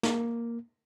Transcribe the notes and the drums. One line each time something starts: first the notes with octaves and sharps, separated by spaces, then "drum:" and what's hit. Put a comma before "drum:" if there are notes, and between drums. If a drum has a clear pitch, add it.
A#3, drum: snare